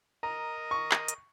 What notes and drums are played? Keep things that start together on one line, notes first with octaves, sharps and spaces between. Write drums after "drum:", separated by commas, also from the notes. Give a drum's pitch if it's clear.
A#4 D#5 A#5
C#6
drum: clap
drum: hi-hat